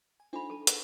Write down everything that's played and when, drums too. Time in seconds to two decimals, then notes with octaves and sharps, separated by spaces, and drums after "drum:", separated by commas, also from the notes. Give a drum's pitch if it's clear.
0.20 G#5
0.33 D4 D#4 F4 A4 C5 B5
0.50 A4 A5
0.67 A#4 B4, drum: hi-hat